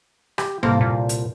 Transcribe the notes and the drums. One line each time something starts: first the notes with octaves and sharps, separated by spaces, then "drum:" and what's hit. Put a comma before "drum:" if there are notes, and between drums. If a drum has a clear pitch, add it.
G4, drum: rim click
C2 A#3 A4 C5, drum: tom G#2
A#2
drum: hi-hat